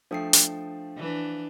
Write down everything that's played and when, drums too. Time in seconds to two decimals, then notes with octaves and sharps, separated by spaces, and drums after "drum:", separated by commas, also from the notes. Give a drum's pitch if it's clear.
0.11 F3 A3 D4 G5 D#6 C7
0.33 drum: hi-hat
0.97 E3 D4